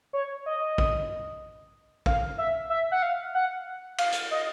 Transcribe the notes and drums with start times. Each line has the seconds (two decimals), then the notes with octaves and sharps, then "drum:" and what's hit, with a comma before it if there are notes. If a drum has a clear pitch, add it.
0.13 C#5
0.46 D#5
0.78 drum: kick
2.06 F5, drum: kick
2.38 E5
2.70 E5
2.92 F#5
3.02 F5
3.34 F#5
3.98 F5, drum: cymbal
4.12 drum: hi-hat
4.31 D#5